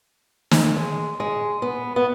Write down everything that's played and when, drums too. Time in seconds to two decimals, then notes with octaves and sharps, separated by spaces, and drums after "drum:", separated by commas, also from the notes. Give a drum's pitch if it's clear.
0.51 drum: snare
0.76 G#3
1.20 G#3
1.62 B3
1.96 B3